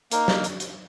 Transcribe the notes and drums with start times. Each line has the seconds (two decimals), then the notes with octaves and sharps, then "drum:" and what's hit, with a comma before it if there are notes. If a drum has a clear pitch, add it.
0.12 A#3 D#4 A#4, drum: hi-hat
0.28 drum: snare
0.44 drum: hi-hat
0.60 drum: hi-hat